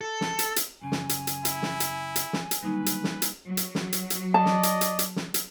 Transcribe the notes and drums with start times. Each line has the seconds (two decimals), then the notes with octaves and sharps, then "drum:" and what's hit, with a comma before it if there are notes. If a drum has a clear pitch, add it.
0.01 A4
0.21 drum: snare
0.39 drum: hi-hat
0.56 drum: hi-hat
0.82 F#2 C#3 G#5
0.92 drum: snare
1.09 drum: hi-hat
1.27 drum: hi-hat
1.45 E4, drum: hi-hat
1.62 drum: snare
1.80 drum: hi-hat
2.16 drum: hi-hat
2.33 drum: snare
2.51 drum: hi-hat
2.63 D3 D#3 F#3 G3 A#3 D#4 B4
2.86 drum: hi-hat
3.04 drum: snare
3.22 drum: hi-hat
3.48 F#3
3.57 drum: hi-hat
3.75 drum: snare
3.93 drum: hi-hat
4.10 drum: hi-hat
4.34 D5 D#5 A5
4.46 drum: snare
4.63 drum: hi-hat
4.81 drum: hi-hat
4.99 drum: hi-hat
5.16 drum: snare
5.34 drum: hi-hat